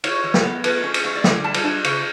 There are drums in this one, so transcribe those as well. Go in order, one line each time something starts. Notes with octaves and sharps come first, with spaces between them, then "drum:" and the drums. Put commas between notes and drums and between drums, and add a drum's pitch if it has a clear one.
E4 C#5, drum: cymbal
E3
drum: snare
B3
A3 B4, drum: cymbal
C#4
drum: cymbal
A3 E5
D5
D3 E5, drum: snare
G3 A5
drum: cymbal
D4 A5
C#3, drum: cymbal